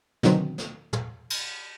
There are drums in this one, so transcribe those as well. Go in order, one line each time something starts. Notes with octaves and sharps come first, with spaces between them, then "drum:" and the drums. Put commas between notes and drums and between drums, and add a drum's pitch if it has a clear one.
B2 D3 D#3 F#3 C4, drum: snare
drum: snare
drum: tom
drum: cymbal